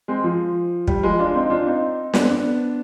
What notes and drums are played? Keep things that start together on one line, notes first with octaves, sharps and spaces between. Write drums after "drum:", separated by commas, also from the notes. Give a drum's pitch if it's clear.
G#3 C4
F3
G3, drum: kick
F3 G#3
D4 F4
C4 D#4
D4 F4
C4 D#4
B3 D4, drum: snare
C4
B3 D4